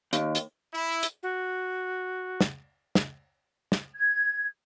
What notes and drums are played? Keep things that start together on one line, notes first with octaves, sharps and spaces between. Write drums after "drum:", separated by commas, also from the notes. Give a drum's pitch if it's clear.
D#2, drum: hi-hat
drum: hi-hat
E4
drum: hi-hat
F#4
drum: snare
drum: snare
drum: snare
G#6